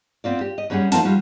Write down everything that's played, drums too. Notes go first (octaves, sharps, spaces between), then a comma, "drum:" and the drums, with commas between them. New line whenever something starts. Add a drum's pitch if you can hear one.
B3 C4 F4 D5
G4
D#5
F#2 G3 C#4 G#4 F#5
F3 D#4 F4 A#4 F#5 A5, drum: snare
G3 F4 F#4